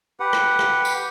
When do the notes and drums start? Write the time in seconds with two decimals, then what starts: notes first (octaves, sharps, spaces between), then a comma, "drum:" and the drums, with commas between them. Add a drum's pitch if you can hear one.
0.20 G4 B4 F#5
0.33 drum: rim click
0.59 drum: rim click
0.85 drum: tambourine